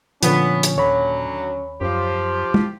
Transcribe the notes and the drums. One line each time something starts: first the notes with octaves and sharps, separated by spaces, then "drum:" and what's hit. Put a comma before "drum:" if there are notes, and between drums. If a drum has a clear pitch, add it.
A#2 D3 F3 B3 C#4, drum: hi-hat
drum: hi-hat
D#2 D3 F#3 C#5 B5
F#2 F3 G4 C5
drum: tom